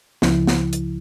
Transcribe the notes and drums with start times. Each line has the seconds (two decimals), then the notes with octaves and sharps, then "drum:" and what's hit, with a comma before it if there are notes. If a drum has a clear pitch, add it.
0.22 C#2 C#3 F3 E4, drum: snare
0.47 drum: snare
0.73 drum: hi-hat